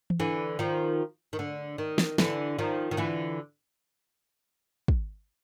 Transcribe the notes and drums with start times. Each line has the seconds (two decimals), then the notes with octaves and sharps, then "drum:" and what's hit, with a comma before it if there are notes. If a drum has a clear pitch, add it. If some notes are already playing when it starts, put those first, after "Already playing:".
0.10 drum: tom E3
0.20 D3 E3
0.59 D#3 F3
1.33 D#3
1.39 D3
1.78 D#3
1.98 drum: snare
2.18 D3 E3, drum: snare
2.58 D#3 F3
2.91 D#3
2.97 D3 E3
4.88 drum: kick